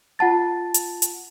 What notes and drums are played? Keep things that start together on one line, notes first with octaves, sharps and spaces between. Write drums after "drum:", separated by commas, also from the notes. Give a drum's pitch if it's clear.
F4 F#5 A5 A6
drum: hi-hat
drum: hi-hat